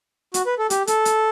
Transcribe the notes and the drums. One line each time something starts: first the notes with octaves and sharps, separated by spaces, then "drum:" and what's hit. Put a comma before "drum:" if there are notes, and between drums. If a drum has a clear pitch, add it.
F#4, drum: hi-hat
B4
A4
G4, drum: hi-hat
A4, drum: hi-hat
drum: hi-hat